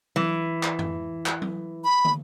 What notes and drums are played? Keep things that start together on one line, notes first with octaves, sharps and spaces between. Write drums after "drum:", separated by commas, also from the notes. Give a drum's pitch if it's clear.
E3, drum: tom F#3
drum: clap
drum: tom F2
drum: clap
drum: tom F#3
B5
drum: tom